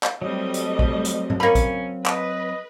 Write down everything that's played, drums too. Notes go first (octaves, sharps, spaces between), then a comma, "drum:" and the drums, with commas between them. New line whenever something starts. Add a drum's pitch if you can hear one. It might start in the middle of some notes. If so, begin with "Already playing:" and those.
drum: clap
F#3 G3 A3 C4 D#5
drum: hi-hat
drum: kick
drum: hi-hat
drum: tom G#2
A#3 C#4 B5
drum: kick, hi-hat
B4 D#5, drum: clap